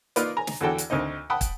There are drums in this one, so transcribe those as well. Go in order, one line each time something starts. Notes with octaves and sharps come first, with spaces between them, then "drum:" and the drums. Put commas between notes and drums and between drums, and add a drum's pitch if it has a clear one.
A#3 D#4 F4 A#4 B4 D5, drum: hi-hat
G#5 A#5
drum: snare
E2 D3 F#4 A4 G5
drum: hi-hat
D2 C4 D#4 D#5
F#5 G5 A5 B5 D#6 F#6
drum: kick, hi-hat